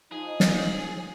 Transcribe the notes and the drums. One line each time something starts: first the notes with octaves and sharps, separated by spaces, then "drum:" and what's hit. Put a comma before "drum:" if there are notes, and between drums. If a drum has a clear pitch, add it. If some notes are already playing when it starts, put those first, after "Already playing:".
F3 D#4 G#4
drum: snare